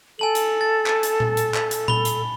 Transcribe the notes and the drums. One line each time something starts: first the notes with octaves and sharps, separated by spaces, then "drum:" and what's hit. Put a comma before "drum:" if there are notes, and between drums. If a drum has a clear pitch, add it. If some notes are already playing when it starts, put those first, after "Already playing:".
A4 G#5 A5 F#7
drum: hi-hat
A6
drum: clap
drum: hi-hat
drum: tom A#2
drum: hi-hat
drum: clap
drum: hi-hat
B5 G7, drum: tom A#2
drum: hi-hat